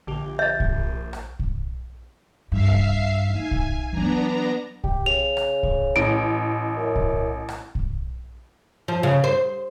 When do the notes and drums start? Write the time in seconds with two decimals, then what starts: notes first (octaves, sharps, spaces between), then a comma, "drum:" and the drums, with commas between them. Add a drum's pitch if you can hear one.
0.07 A#1 D3 G4 F7
0.39 E5 G6 A6
0.60 drum: kick
1.13 drum: rim click
1.39 drum: kick
2.52 G2 E5 F5 C7
2.72 drum: kick
3.33 D#4 G#5
3.51 drum: kick
3.93 E3 F#3 B3 D4 A#5
4.84 G4, drum: kick
5.06 C#3 F7
5.37 drum: rim click
5.63 drum: kick
5.96 A1 D7
6.77 F#2
6.96 drum: kick
7.49 drum: rim click
7.75 drum: kick
8.88 F3
9.03 C#3
9.24 C5